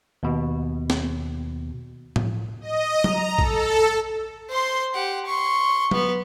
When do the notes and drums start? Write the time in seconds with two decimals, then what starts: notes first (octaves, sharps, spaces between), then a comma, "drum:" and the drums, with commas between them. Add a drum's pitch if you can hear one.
0.23 D#2 B2
0.90 drum: snare
2.16 drum: tom A2
2.61 D#5
3.04 A#5, drum: tom F#3
3.38 A4, drum: kick
4.50 C5 C6
4.94 G4 F#5
5.26 C6 C#6
5.91 B3, drum: tom F#3